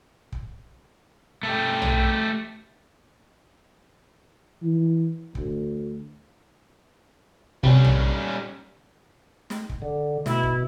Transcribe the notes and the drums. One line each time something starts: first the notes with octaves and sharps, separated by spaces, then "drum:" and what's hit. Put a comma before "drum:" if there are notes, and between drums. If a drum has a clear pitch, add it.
drum: kick
A3 G4
drum: tom
E3
D2, drum: kick
C3 G3 C#4, drum: kick
drum: tom
drum: snare
drum: kick
D3
B2 E4, drum: snare
drum: kick